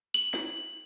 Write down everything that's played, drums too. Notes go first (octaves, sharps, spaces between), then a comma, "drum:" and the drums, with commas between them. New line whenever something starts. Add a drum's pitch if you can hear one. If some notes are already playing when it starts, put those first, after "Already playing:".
F#7
drum: snare